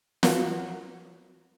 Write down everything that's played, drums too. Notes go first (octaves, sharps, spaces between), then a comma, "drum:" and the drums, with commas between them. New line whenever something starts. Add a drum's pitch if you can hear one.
F#4 A#4 B4 C#5 F5 F#5, drum: snare